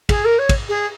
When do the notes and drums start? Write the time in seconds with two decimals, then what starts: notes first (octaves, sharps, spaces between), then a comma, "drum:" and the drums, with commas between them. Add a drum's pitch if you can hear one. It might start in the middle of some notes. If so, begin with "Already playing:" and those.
0.09 G#4, drum: kick, cymbal
0.25 A#4
0.39 C#5
0.49 drum: kick, cymbal
0.69 G#4